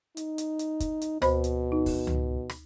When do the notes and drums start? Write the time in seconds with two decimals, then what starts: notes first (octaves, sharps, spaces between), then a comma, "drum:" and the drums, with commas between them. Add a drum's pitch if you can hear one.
0.17 D#4, drum: hi-hat
0.38 drum: hi-hat
0.59 drum: hi-hat
0.80 drum: kick, hi-hat
1.01 drum: hi-hat
1.22 D2 B2 C5 B5, drum: rim click
1.44 drum: hi-hat
1.72 D#4
1.86 drum: kick, open hi-hat
2.07 drum: tom C#2
2.49 drum: rim click